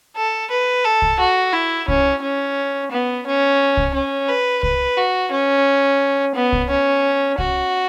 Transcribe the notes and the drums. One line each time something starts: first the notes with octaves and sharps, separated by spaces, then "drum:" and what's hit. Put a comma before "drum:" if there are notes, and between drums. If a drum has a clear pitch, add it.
A4
B4
A4
drum: kick C2
F#4
E4
C#4, drum: kick C2
C#4
B3
C#4
drum: kick C2
C#4
B4
B4, drum: kick C2
F#4
C#4
B3
drum: kick C2
C#4
F#4, drum: kick C2